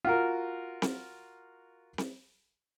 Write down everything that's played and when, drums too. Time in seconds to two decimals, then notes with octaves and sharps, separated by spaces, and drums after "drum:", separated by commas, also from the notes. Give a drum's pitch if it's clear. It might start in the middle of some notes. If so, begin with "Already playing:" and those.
0.05 F4 F#4 A#4
0.82 drum: snare C4
1.98 drum: snare C4